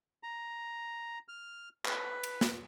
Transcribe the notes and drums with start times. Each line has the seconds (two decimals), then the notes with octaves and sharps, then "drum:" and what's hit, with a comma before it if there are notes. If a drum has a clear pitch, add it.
0.23 A#5
1.28 F6
1.85 B4, drum: clap
2.24 drum: cymbal
2.41 drum: snare